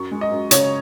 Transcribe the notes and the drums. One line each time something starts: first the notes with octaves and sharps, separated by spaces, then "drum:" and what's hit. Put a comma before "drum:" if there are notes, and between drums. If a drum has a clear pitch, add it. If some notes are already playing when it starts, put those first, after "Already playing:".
Already playing: F#2 C#6
G#3
D#5
F#2
C#3 C#5, drum: hi-hat